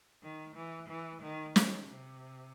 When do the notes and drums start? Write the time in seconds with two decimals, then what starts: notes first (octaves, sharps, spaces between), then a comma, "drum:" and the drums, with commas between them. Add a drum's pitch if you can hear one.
0.23 D#3
0.56 E3
0.89 E3
1.22 D#3
1.56 D#3, drum: snare
1.88 C3